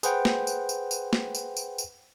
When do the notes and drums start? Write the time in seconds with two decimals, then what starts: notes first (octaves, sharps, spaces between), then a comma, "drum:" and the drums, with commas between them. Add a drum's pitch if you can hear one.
0.03 G#4 B4 C5 F#5 G5, drum: tambourine
0.25 drum: snare
0.47 drum: tambourine
0.69 drum: tambourine
0.91 drum: tambourine
1.13 drum: snare
1.35 drum: tambourine
1.56 drum: tambourine
1.78 drum: tambourine